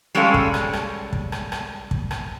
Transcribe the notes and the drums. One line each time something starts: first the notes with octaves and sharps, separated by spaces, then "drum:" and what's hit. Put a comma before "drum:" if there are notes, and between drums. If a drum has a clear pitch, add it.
G3 G#3 C#4 A4 C#5 F5
drum: kick
drum: rim click
drum: rim click
drum: kick
drum: rim click
drum: rim click
drum: kick
drum: rim click